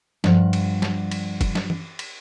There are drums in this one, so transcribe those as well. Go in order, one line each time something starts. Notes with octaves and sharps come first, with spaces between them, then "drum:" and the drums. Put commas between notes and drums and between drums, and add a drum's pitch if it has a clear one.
G2 F3 F#5, drum: snare
drum: cymbal
drum: snare
drum: cymbal
drum: kick, cymbal
drum: snare
drum: tom E3
drum: cymbal